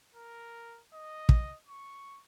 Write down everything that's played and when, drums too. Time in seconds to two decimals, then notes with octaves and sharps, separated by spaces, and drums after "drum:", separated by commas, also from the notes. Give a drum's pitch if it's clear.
0.15 A#4
0.94 D#5
1.29 drum: kick
1.69 C#6